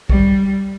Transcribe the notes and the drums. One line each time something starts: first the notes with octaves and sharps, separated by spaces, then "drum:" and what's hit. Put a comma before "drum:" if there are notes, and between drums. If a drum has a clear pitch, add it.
G3, drum: kick B1